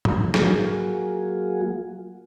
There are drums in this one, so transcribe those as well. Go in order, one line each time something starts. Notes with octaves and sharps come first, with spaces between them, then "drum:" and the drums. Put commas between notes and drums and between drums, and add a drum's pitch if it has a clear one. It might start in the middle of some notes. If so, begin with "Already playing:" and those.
drum: tom G#2
F#3 A#3 F4 F#4 G#4, drum: snare